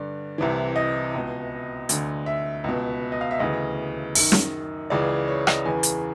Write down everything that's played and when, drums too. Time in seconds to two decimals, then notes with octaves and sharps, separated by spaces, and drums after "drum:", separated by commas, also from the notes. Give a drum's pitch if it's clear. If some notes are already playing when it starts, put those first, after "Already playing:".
Already playing: G2 D3 D5
0.38 C2 C3 E3
0.76 D#5
1.14 C#2 B2
1.89 D2 D3, drum: hi-hat
2.26 E5
2.64 C#2 B2
3.12 D#5
3.21 F5
3.31 E5
3.39 D2 C#3 E3 D#5
4.15 F#2 D#3, drum: open hi-hat
4.32 drum: snare
4.90 C#2 C#3 E3 D5
5.28 C#5
5.47 D#5, drum: rim click
5.66 E2 C#3 E3 G#5
5.83 drum: hi-hat